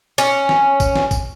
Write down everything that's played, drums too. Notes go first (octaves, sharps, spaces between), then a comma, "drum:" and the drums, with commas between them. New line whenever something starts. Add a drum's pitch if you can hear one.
C#4, drum: tambourine
drum: snare
drum: kick G#1, tambourine
drum: snare
drum: kick G#1, tambourine